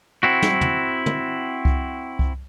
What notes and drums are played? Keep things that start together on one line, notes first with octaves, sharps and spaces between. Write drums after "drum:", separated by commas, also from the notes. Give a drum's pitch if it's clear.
C4 E4 F#4
drum: snare
drum: tom
drum: tom
drum: kick C2
drum: kick C2